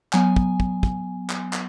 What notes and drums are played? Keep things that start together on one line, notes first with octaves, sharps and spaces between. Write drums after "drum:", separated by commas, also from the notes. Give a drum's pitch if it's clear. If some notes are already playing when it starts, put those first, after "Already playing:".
F#3 B3 G#5, drum: clap
drum: kick
drum: kick
drum: kick
drum: clap
drum: clap